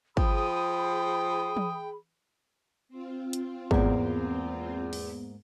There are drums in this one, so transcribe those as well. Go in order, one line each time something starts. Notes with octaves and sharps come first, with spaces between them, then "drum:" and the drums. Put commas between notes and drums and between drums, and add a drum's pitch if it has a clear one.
F3 G#4 G5 B5 D#6, drum: kick
drum: tom
C4 F4
drum: hi-hat
E2 G#2 A#3 B3, drum: kick
drum: open hi-hat